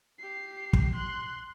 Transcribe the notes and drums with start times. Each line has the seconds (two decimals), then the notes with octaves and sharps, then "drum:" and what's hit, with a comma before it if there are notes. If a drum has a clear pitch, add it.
0.19 G4 C7
0.73 drum: kick
0.95 C6 F#6